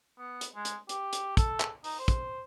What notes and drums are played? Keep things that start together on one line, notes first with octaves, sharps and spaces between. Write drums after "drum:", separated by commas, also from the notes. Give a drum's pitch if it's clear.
B3
drum: hi-hat
G#3
drum: hi-hat
G4, drum: hi-hat
drum: hi-hat
A4, drum: kick, hi-hat
drum: clap
D#4, drum: open hi-hat
C5
drum: kick, hi-hat